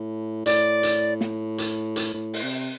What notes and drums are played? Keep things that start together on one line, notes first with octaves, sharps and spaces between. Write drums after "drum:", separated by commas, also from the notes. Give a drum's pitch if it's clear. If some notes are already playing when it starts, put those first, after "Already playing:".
Already playing: A2
A2 D5, drum: hi-hat
drum: hi-hat
drum: snare
drum: hi-hat
drum: hi-hat
A2
drum: open hi-hat
C3